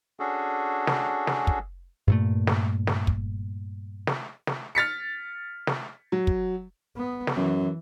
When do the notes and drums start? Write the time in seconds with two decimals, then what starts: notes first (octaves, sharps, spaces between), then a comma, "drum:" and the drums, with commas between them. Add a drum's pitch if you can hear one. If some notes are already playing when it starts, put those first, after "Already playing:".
0.20 C#4 D4 F#4 G#4 A4
0.87 drum: snare
1.27 drum: snare
1.47 drum: kick
2.07 G2 A#2 A3
2.47 drum: snare
2.87 drum: snare
3.07 drum: kick
4.07 drum: snare
4.47 drum: snare
4.75 F6 A6 B6 C#7
5.67 drum: snare
6.12 F#3
6.27 drum: kick
6.97 B3
7.27 drum: snare
7.37 F#2 E3